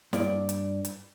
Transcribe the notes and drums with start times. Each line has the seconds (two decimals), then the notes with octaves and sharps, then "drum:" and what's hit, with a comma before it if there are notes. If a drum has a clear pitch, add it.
0.13 G2 A#3 D5, drum: snare
0.49 drum: hi-hat
0.85 drum: hi-hat